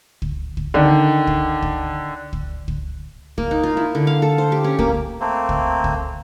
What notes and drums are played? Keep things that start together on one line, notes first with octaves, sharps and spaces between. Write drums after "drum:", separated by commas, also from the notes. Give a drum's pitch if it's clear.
drum: kick
drum: kick
D3 D#3
drum: kick
drum: kick
drum: kick
drum: kick
A#3, drum: kick
D#4
F4
E4
D3
F5
A4
C5
G4
C#4
A#3, drum: kick
A3 A#3 C4
drum: kick
drum: kick